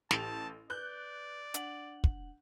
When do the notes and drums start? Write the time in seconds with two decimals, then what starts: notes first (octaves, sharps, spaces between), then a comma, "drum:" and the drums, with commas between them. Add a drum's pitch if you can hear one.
0.11 A1 G4 A4 A5 F7, drum: snare
0.70 B4 D5 F#6 G6
1.54 D4 F#5 F#7, drum: hi-hat
2.04 drum: kick